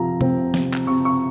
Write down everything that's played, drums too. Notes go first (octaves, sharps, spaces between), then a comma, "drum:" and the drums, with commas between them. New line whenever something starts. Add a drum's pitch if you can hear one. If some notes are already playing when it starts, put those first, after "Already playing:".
Already playing: C3 F3 A#5
C4, drum: tom C3
C3, drum: snare
drum: clap
C3 C#6
C#6